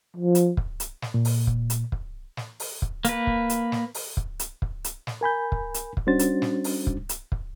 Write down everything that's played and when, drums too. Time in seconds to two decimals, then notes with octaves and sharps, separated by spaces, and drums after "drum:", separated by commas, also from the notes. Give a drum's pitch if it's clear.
0.16 F3
0.35 drum: hi-hat
0.57 drum: kick
0.80 drum: hi-hat
1.02 drum: snare
1.14 A#2
1.25 drum: open hi-hat
1.47 drum: kick
1.70 drum: hi-hat
1.92 drum: kick
2.37 drum: snare
2.60 drum: open hi-hat
2.82 drum: kick
3.05 A#3 B4, drum: hi-hat
3.27 drum: kick
3.50 drum: hi-hat
3.72 drum: snare
3.95 drum: open hi-hat
4.17 drum: kick
4.39 drum: hi-hat
4.62 drum: kick
4.84 drum: hi-hat
5.07 drum: snare
5.21 A#4 G#5 B5 G6
5.52 drum: kick
5.74 drum: hi-hat
5.97 drum: kick
6.07 G3 C#4 D4 F#4 C5 A6
6.19 drum: hi-hat
6.42 drum: snare
6.64 drum: open hi-hat
6.87 drum: kick
7.09 drum: hi-hat
7.32 drum: kick